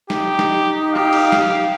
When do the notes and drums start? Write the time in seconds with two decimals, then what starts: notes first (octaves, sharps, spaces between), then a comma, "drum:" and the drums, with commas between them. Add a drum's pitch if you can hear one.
0.10 D#4 G4, drum: snare
0.39 drum: snare
0.94 G4 F5
1.13 drum: cymbal
1.32 drum: snare